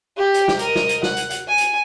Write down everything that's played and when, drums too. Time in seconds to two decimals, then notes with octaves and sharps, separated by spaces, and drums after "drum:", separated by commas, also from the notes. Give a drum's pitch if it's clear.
0.17 G4
0.34 drum: hi-hat
0.48 drum: snare
0.59 A#4 D#5, drum: hi-hat
0.75 drum: snare
0.89 drum: hi-hat
1.03 F#5, drum: snare
1.17 drum: hi-hat
1.30 drum: hi-hat
1.47 G#5
1.58 drum: hi-hat